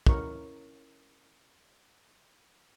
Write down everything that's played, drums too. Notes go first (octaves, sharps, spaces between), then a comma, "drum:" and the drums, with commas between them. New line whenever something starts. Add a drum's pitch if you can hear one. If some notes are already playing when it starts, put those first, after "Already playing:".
C#4 E4 A#4 C#6, drum: kick